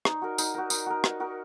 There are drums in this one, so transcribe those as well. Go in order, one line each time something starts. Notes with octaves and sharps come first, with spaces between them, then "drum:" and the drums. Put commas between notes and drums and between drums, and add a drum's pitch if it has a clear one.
D#4, drum: rim click
F#4 A#4
D#4, drum: tambourine
F#4 A#4
D#4, drum: tambourine
F#4 A#4
D#4, drum: rim click
F#4 A#4